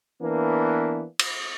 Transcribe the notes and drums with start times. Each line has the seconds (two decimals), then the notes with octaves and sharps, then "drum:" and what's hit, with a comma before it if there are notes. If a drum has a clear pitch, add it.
0.22 E3 A#3 B3 D4
1.19 drum: cymbal